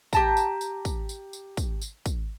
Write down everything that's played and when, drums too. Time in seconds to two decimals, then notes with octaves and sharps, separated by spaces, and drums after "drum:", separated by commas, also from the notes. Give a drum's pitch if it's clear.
0.13 G4 A5 A#5, drum: kick, tambourine
0.37 drum: tambourine
0.61 drum: tambourine
0.85 drum: kick, tambourine
1.09 drum: tambourine
1.33 drum: tambourine
1.57 drum: kick, tambourine
1.81 drum: tambourine
2.06 drum: kick, tambourine